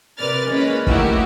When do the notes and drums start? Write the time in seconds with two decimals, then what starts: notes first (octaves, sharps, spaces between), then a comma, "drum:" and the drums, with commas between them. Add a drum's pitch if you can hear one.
0.19 C3 A#4 B4 D5 F6 A6
0.49 E3 G#3 A#3 C#4 B4
0.87 A3 A#3 D#4 E4 F#4 G4, drum: kick